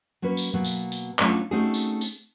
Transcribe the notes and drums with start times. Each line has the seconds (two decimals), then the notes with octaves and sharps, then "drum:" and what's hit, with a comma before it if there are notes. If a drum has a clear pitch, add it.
0.22 F#3 A#3 C#4 F#4 B4
0.37 drum: tambourine
0.54 B2 F#3 A#3 B3
0.65 drum: tambourine
0.92 drum: tambourine
1.19 F#3 A3 C#4 D4 F4, drum: clap
1.51 A3 C4 C#4 D#4 F#4 G#4
1.74 drum: tambourine
2.01 drum: tambourine